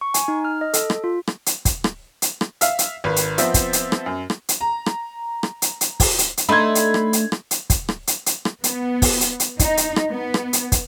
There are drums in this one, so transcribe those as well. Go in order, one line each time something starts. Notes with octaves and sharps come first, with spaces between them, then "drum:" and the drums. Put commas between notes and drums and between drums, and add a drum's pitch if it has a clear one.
C#6
G#5, drum: hi-hat
D#4
F6
D#5
A4, drum: hi-hat
drum: rim click
F4
drum: rim click
drum: hi-hat
drum: kick, hi-hat
drum: rim click
drum: hi-hat
drum: rim click
E5 F5, drum: hi-hat
drum: hi-hat
G#1 B4
drum: hi-hat
F3 B3 C4 E5, drum: hi-hat
drum: kick, hi-hat
drum: hi-hat
drum: rim click
F#2
drum: rim click
drum: hi-hat
A#5
drum: rim click
drum: rim click
drum: hi-hat
drum: hi-hat
drum: kick, open hi-hat
drum: hi-hat
drum: hi-hat
A3 D4 D#4 B5 C6 G#6
drum: hi-hat
drum: rim click
drum: hi-hat
drum: rim click
drum: hi-hat
drum: kick, hi-hat
drum: rim click
drum: hi-hat
drum: hi-hat
drum: rim click
B3, drum: hi-hat
drum: kick, open hi-hat
drum: hi-hat
drum: hi-hat
D#4, drum: kick, hi-hat
drum: hi-hat
drum: rim click
B3
drum: rim click
drum: hi-hat
drum: kick, hi-hat